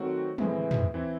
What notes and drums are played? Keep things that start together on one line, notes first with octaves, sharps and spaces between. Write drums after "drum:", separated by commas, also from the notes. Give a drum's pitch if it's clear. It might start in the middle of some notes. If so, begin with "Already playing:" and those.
Already playing: D#3 F#3 A3 C4 F#4
A2 E3 G#3 C4 E4, drum: tom
drum: tom
E3 C4 E4